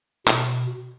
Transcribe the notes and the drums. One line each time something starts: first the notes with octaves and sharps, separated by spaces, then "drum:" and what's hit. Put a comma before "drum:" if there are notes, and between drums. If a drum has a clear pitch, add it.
B2, drum: clap